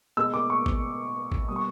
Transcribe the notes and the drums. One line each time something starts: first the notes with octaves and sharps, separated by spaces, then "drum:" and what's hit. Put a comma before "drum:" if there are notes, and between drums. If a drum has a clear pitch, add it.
B2 G#3 E6
D6
C#6
drum: kick
drum: kick
B2 G3 D#6
C#6